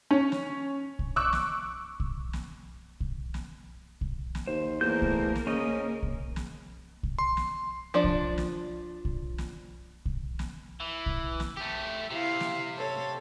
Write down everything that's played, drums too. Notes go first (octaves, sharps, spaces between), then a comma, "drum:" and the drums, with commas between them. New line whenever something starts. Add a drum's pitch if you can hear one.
C#4
drum: snare
drum: kick
C#6 D6 E6 F#6
drum: snare
drum: kick
drum: snare
drum: kick
drum: snare
drum: kick
drum: snare
D#2 C5
E2 A3 A#3 A#4 C5 G6
drum: kick
drum: snare
C#3 C#4 D#5
drum: kick
drum: snare
drum: kick
C6
drum: snare
F3 D4 D5
drum: kick
drum: snare
drum: kick
drum: snare
drum: kick
drum: snare
E3
drum: kick
drum: snare
A3 G4
C3 E4 F5
drum: snare
A4 C#5